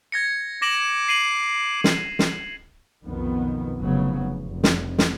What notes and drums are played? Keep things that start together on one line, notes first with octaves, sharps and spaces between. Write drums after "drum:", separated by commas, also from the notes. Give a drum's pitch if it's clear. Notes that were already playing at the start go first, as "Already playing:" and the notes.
G#6 A#6 C#7
D6 A#6 E7 F#7
C7 D#7 F#7
drum: snare
drum: snare
B1 F2 D#3 B3
F1 C#3 F#3 B3
F1
drum: snare
drum: snare